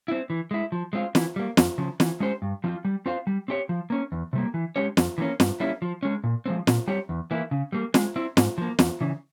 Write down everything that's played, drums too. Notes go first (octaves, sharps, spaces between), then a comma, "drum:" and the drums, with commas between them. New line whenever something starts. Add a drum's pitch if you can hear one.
C4 E4
E3
G#3 E4
F3
G#3 C4 F4
E3, drum: snare
G3 A#3
F2, drum: snare
C#3 F3
E3, drum: snare
G#3 C#4 G4 C5
G2
F3 C4 F4
G3
C4 F4 C5 F5
G3
C4 G4 C#5
F3
A#3 C#4
E2
C3 G3 A#3
E3
G#3 C#4 G4 C#5
F2, drum: snare
E3 G3 A#3 C#4
G2, drum: snare
G3 A#3 C#4 E4
F3
G#3 C#4
A#2
F3 G#3 C4
A#2, drum: snare
G3 C4 G4 C#5
E2
E3 A#3 E4
C#3
G3 A#3
G#3, drum: snare
C4 E4
G#2, drum: snare
F3 A#3
E2, drum: snare
C#3 E3